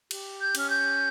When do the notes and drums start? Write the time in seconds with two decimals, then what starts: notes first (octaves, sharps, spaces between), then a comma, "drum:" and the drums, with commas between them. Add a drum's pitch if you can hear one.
0.11 G4, drum: cymbal
0.40 G6
0.55 C#4 F6, drum: cymbal
0.69 G6